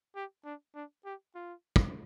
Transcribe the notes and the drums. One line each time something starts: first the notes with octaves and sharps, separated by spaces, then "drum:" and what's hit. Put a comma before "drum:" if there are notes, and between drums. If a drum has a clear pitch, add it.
G4
D4
D4
G4
F4
drum: kick